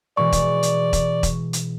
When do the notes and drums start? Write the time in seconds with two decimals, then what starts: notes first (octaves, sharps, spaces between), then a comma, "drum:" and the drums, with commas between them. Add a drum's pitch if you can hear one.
0.17 B2 E3 G#3 D5 C#6
0.32 drum: kick E1, hi-hat
0.63 drum: hi-hat
0.93 drum: kick E1, hi-hat
1.23 drum: kick E1, hi-hat
1.53 drum: hi-hat